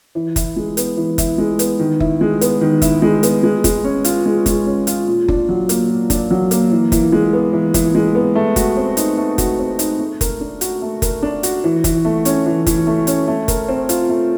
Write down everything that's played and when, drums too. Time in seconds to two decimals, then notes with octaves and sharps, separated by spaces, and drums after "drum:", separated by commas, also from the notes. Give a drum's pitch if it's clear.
0.15 E3
0.36 E4, drum: kick F#1, hi-hat
0.56 G#3
0.77 B3, drum: hi-hat
0.97 E3
1.18 E4, drum: kick F#1, hi-hat
1.38 G#3
1.59 B3, drum: hi-hat
1.79 D#3
2.00 E4, drum: kick F#1
2.21 G#3
2.41 B3, drum: hi-hat
2.61 D#3
2.82 E4, drum: kick F#1, hi-hat
3.02 G#3
3.23 B3, drum: hi-hat
3.43 G#3
3.64 G#3, drum: kick F#1, hi-hat
3.84 C#4
4.04 F4, drum: hi-hat
4.25 G#3
4.46 G#3, drum: kick F#1, hi-hat
4.66 C#4
4.87 F4, drum: hi-hat
5.07 A#2
5.28 D4, drum: kick F#1
5.49 F#3
5.69 A#3, drum: hi-hat
5.90 A#2
6.10 D4, drum: kick F#1, hi-hat
6.31 F#3
6.51 A#3, drum: hi-hat
6.71 E3
6.92 E3, drum: kick F#1, hi-hat
7.12 G#3
7.33 B3
7.53 E3
7.74 E3, drum: kick F#1, hi-hat
7.95 G#3
8.15 B3
8.35 A3
8.56 F#4, drum: kick F#1, hi-hat
8.77 C4
8.97 D#4, drum: hi-hat
9.18 A3
9.38 F#4, drum: kick F#1, hi-hat
9.59 C4
9.79 D#4, drum: hi-hat
10.00 A3
10.21 A#4, drum: kick F#1, hi-hat
10.41 D4
10.61 F#4, drum: hi-hat
10.82 A3
11.02 A#4, drum: kick F#1, hi-hat
11.23 D4
11.43 F#4, drum: hi-hat
11.64 E3
11.84 E3, drum: kick F#1, hi-hat
12.05 A3
12.25 C#4, drum: hi-hat
12.46 E3
12.67 E3, drum: kick F#1, hi-hat
12.87 A3
13.07 C#4, drum: hi-hat
13.28 A3
13.48 A#4, drum: kick F#1, hi-hat
13.68 C4
13.89 F4, drum: hi-hat
14.09 A3